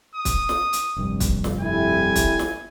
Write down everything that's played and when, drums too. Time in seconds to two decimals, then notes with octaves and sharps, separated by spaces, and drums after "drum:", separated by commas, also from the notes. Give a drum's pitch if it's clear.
0.16 D#6
0.25 drum: kick, hi-hat
0.49 drum: snare
0.73 drum: hi-hat
0.97 F1 C2 G2
1.20 drum: kick, hi-hat
1.44 drum: snare
1.60 F2 G3 E4 G#5
2.16 drum: kick, hi-hat
2.39 drum: snare